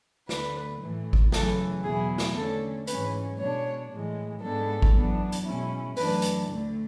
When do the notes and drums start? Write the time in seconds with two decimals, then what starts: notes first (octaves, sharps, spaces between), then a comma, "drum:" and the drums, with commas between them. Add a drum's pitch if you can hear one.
0.29 D2 D3 A3 B4, drum: snare
0.81 A2 E3 A3
1.13 drum: kick G#1
1.32 F#2 C#3 E3 A4, drum: snare
1.84 E2 B2 F#3 B3 E4 G#4
2.18 drum: snare
2.36 D3 A3 C#4 A4
2.87 G#2 E3 G#3 C#4 B4, drum: hi-hat
3.39 B2 G#3 D4 C#5
3.91 A2 E3 G#3
4.42 G#2 G#3 B3 D4 A4
4.82 drum: kick G#1
4.94 F#2 E3 B3 D4
5.32 drum: hi-hat
5.45 B2 G#3 C#4 E4
5.97 F#2 E3 A3 D4 B4, drum: open hi-hat
6.22 drum: hi-hat
6.49 D2 D3 A3